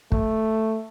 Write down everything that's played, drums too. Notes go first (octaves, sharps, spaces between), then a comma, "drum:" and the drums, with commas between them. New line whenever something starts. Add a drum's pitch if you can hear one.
A3, drum: kick